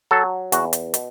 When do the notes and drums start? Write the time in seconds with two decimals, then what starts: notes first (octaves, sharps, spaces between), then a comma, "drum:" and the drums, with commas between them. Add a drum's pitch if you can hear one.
0.11 F#3 A4
0.52 E2 F#4, drum: hi-hat
0.73 drum: hi-hat
0.94 B2, drum: hi-hat